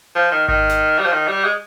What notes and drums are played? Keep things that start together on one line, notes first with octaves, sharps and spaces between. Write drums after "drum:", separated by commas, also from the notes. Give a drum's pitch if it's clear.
F3
D#3
D#3, drum: kick G#1
drum: snare
G3
F3
D#3
G3
G#3